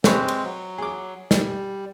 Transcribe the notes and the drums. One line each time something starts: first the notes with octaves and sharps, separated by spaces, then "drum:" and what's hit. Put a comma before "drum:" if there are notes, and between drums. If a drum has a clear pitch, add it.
G#3 C4 G4 B4 C#5, drum: snare
drum: cymbal
F#3
G#4 D6
G3, drum: snare